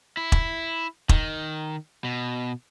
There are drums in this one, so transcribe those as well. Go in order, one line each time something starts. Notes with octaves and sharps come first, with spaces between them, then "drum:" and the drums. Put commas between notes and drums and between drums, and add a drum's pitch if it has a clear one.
E4
drum: kick E1
D#3, drum: kick E1
B2